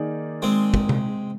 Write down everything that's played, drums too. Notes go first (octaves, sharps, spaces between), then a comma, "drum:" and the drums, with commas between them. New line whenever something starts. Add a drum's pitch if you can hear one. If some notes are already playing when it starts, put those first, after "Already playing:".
Already playing: D#3 A#3 D#4 G#4 D5
G#3 C4
drum: kick
drum: tom C3